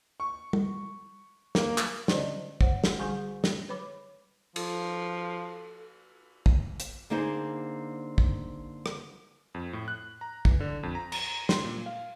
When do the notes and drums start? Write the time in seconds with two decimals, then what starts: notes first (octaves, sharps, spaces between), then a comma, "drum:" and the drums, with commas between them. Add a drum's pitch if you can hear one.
0.20 C#6
0.53 drum: tom G3
1.55 A#3, drum: snare
1.78 drum: clap
2.08 D3 C#4 C5 D5 D#5, drum: snare
2.61 C5 C#5 F#5, drum: kick
2.84 drum: snare
2.99 D3 G3 F#4 G#4 G#5 C#6
3.44 drum: snare
3.69 B4 C#5 B5 D6
4.56 F3 A4, drum: cymbal
6.46 drum: kick
6.80 drum: hi-hat
7.10 D3 A#3 C4 D#4 G#4 C5
8.18 drum: kick
8.86 drum: rim click
9.54 F2
9.73 A2
9.88 F#6
10.21 A#5
10.45 E3, drum: kick
10.60 D3
10.83 F2
10.95 A#5
11.12 A#5, drum: cymbal
11.49 C6, drum: snare
11.65 A#2
11.86 F5